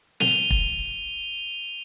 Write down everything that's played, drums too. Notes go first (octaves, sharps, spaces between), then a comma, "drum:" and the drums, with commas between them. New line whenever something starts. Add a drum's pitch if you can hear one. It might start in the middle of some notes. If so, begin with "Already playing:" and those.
D#7 F7 G7, drum: snare
drum: kick